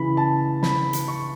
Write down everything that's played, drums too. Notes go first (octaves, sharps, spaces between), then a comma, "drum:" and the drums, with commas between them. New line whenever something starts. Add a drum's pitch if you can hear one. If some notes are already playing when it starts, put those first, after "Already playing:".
Already playing: C#3 E3 B5
A5
B5, drum: snare
drum: hi-hat
C#6